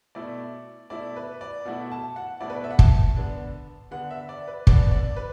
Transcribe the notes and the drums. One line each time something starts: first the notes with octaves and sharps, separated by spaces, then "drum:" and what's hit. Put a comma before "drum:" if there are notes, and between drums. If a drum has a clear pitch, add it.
B2 A3 E4 D5
B2 A3 E4 D5
B4
D5
B2 A3 E4 F#5
A5
F#5
B2 A3 E4 D5
B4
D5
E5
F#5
A5, drum: kick
D3 B3 D4
D3 B3 D4 F#5
E5
D5
B4
D3 B3 D4 D5, drum: kick
D5
B4